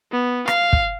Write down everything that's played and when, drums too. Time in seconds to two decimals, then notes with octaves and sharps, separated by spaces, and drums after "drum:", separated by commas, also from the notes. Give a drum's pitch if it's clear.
0.12 B3
0.48 F5, drum: rim click
0.73 drum: kick